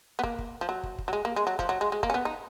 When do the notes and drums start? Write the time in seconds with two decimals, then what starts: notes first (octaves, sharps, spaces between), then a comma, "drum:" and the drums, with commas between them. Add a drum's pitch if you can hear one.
0.19 B3
0.23 A#3, drum: kick
0.39 drum: kick
0.61 F3
0.69 F#3
0.83 drum: kick
0.98 drum: kick
1.08 F#3
1.13 G#3
1.25 A#3
1.36 G#3
1.47 F#3
1.59 F3, drum: kick
1.69 F#3
1.81 G#3
1.92 G#3
2.03 A#3, drum: kick
2.10 C#4
2.14 B3
2.25 D#4